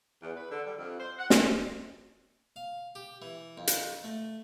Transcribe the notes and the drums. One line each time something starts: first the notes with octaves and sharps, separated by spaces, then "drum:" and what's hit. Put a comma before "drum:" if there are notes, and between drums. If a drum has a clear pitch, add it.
E2
B4
D3
G3
F2
C5
F#5
G3, drum: snare
C4
F5
G4
E3
F2
drum: hi-hat
A3